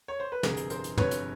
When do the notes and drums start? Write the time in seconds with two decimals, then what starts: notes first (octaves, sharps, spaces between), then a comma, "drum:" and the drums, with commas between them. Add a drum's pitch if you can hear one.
0.08 C#5
0.20 C5
0.32 B4
0.43 G1 F2 C3 G#4 A#4, drum: snare
0.57 drum: hi-hat
0.70 A#4 C5, drum: hi-hat
0.84 drum: hi-hat
0.97 G1 F2 C3 B4 C#5, drum: tom
1.11 drum: hi-hat